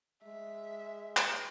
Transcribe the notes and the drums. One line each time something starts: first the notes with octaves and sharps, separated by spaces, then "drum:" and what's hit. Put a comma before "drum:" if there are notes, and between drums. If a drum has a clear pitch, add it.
G#3 E5
drum: clap